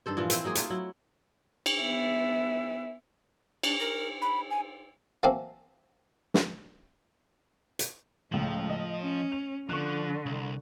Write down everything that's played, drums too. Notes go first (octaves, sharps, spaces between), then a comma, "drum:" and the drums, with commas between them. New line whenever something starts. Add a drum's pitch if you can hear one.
G2 D#3 A4 C5
A#2 E3 F3 F4
C4 E4 C5, drum: hi-hat
F#3 G#3 A#3 G#4
A3 D#4 F4, drum: hi-hat
F#3 E4
drum: cymbal
B3 E5
D4, drum: cymbal
A#4
B5
G#5
E3 F#3 A3 A#3 C4
drum: snare
drum: hi-hat
C#2 A2 F3 F#7
D#5
C#4
F7
D3 F3 C#6 F#6
C2